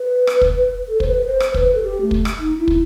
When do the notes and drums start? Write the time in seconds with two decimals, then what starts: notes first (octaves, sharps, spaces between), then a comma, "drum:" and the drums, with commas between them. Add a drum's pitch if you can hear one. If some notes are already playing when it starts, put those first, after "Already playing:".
Already playing: B4
0.27 drum: rim click
0.41 drum: kick
0.88 A4
1.00 C5, drum: kick
1.07 B4
1.22 B4
1.26 C5
1.40 drum: rim click
1.54 B4, drum: kick
1.75 A4
1.83 G4
2.01 A3
2.11 drum: kick
2.25 drum: rim click
2.39 D#4
2.58 E4
2.68 drum: kick